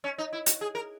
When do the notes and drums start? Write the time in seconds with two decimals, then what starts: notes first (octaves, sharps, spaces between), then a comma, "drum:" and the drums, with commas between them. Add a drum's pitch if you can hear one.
0.04 C#4
0.18 D#4
0.33 E4
0.46 F#4, drum: hi-hat
0.61 G#4
0.75 A#4